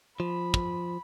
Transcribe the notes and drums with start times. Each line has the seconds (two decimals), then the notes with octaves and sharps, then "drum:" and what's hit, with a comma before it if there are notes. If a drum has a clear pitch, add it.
0.20 F3 B5
0.54 drum: kick